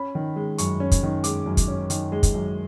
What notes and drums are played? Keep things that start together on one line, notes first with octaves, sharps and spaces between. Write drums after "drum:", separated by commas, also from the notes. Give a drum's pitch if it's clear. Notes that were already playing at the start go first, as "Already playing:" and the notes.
Already playing: C#4 B5
D#3
G#3
F#2 C#6, drum: hi-hat
C#4
drum: kick, hi-hat
D#3
G#3 D6, drum: hi-hat
F#2
drum: kick, hi-hat
C#4
D#3, drum: hi-hat
G#3
drum: kick, hi-hat
F#2